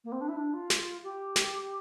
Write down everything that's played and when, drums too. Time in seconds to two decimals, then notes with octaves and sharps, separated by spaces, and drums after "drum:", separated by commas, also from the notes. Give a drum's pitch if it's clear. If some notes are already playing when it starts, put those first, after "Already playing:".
0.04 A#3
0.12 C4
0.21 D4
0.28 E4
0.37 D4
0.53 F4
0.70 drum: snare
1.03 G4
1.36 drum: snare